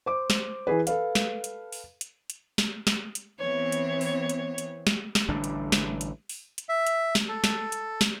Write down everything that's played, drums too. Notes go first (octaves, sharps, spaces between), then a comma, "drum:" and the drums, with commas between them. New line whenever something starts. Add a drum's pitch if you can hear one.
C5 D6
drum: snare
E3 G#4 B4
A4 B4 F5, drum: hi-hat
drum: snare
drum: hi-hat
drum: open hi-hat
drum: hi-hat
drum: hi-hat
drum: snare
drum: snare
drum: hi-hat
E3 B3 C4 C#5
drum: hi-hat
drum: open hi-hat
drum: hi-hat
drum: hi-hat
drum: snare
drum: snare
A1 D3 G3 D4
drum: hi-hat
drum: snare
drum: hi-hat
drum: open hi-hat
drum: hi-hat
E5
drum: hi-hat
drum: snare
A4
drum: snare
drum: hi-hat
drum: snare